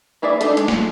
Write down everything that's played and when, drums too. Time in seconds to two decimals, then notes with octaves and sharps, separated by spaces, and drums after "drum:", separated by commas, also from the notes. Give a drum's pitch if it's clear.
0.22 A#3 E4 G#4 D5 E5
0.41 A3 D4 D#4 A4, drum: hi-hat
0.57 G#3, drum: hi-hat
0.68 drum: snare